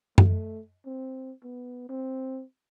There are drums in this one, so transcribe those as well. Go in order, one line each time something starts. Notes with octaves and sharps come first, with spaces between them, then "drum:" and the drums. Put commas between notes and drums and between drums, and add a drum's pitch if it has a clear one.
A3, drum: tom F#2
C4
B3
C4